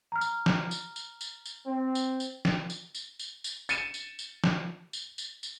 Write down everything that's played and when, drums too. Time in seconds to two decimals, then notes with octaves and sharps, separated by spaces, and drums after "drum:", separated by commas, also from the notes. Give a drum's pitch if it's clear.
0.12 A#5 F6
0.21 drum: tambourine
0.46 drum: snare
0.71 drum: tambourine
0.96 drum: tambourine
1.21 drum: tambourine
1.46 drum: tambourine
1.65 C4
1.95 drum: tambourine
2.20 drum: tambourine
2.45 drum: snare
2.70 drum: tambourine
2.95 drum: tambourine
3.19 drum: tambourine
3.44 drum: tambourine
3.69 A6 C#7 D#7 E7, drum: tambourine
3.94 drum: tambourine
4.19 drum: tambourine
4.44 drum: snare
4.93 drum: tambourine
5.18 drum: tambourine
5.43 drum: tambourine